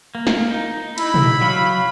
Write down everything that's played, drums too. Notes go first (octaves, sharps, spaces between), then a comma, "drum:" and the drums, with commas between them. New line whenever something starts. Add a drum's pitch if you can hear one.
A#3
drum: snare
D#4
E4 B5, drum: cymbal
drum: tom
F#3 F5